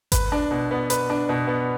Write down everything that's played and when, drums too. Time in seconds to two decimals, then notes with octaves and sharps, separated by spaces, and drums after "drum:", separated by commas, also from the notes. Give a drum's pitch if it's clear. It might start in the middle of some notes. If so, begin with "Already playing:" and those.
0.12 B4, drum: kick G#1, hi-hat
0.32 D4
0.51 B2
0.71 B3
0.90 B4, drum: hi-hat
1.10 D4
1.29 B2
1.47 B3